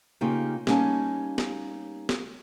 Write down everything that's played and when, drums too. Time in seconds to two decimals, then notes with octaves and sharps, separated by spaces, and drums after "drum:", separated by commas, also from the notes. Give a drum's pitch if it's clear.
0.21 C#3 A#3 D#4 F4 G4
0.67 G3 A#3 C#4 D#4 C#5 A5, drum: snare
1.38 drum: snare
2.09 drum: snare